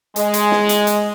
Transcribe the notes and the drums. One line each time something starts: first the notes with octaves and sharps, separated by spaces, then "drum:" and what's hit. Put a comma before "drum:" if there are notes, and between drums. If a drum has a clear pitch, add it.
G#3, drum: hi-hat
drum: hi-hat
drum: snare
drum: hi-hat
drum: hi-hat